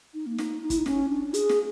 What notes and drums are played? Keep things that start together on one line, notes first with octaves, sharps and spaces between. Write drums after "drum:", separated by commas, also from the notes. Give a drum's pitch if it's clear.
D#4
A#3
D#4, drum: snare
D#4
E4, drum: kick, hi-hat
D#4
C#4, drum: snare
D4
G#4, drum: hi-hat
drum: snare